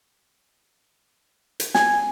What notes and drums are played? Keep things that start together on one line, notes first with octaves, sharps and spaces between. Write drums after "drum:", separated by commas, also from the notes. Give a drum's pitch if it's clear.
drum: hi-hat
G#5, drum: snare